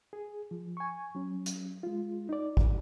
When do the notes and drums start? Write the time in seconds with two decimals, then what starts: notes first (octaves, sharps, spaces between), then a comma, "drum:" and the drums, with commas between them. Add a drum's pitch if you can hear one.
0.13 G#4
0.51 F3
0.77 G#5 C#6
1.15 F#3 C#4
1.46 drum: hi-hat
1.83 G#3 F4
2.29 D#4 D5
2.57 drum: kick